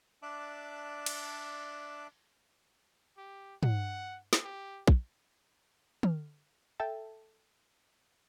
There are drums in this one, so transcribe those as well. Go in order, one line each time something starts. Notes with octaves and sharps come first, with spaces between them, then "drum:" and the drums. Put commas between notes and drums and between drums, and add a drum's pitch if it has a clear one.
D4 D5 E5 A5 D6 F#6
drum: cymbal
G4
F#5, drum: tom
drum: snare
G4
drum: kick
F6, drum: tom
A4 E5 G5 A5